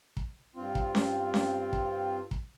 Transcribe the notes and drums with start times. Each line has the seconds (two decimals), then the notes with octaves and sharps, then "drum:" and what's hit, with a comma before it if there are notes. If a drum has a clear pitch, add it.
0.17 drum: kick
0.56 G2 C4 F4
0.75 drum: kick
0.95 drum: snare C#4
1.34 drum: snare C#4
1.73 drum: kick
2.31 drum: kick